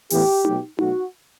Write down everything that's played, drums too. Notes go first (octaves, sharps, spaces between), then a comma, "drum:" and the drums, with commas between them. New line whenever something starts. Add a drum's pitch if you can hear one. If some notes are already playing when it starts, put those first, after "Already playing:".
A2 E3 B3 G4, drum: open hi-hat
B2 F#3 A3, drum: tom D#4
B2 F#3 A3 F#4, drum: tom D#4